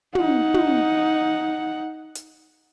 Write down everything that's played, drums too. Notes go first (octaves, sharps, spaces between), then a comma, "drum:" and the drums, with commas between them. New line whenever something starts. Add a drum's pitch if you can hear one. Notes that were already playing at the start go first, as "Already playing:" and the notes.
D#4 F#5, drum: tom
drum: tom
drum: hi-hat